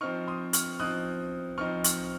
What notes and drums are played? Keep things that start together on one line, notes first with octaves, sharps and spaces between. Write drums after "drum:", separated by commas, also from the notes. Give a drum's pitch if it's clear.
F3 C4 D#4 C#6 F6
C6 D#6
C#6 F6, drum: hi-hat
F3 C4 D#4 D#6 F#6
F3 C4 D#4 C#6 F6
C#6 F6, drum: hi-hat